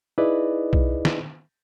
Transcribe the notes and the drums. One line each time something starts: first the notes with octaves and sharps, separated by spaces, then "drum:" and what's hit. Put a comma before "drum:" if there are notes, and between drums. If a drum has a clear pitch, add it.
D#4 E4 G#4 B4 D5 D#5
drum: kick B1
drum: snare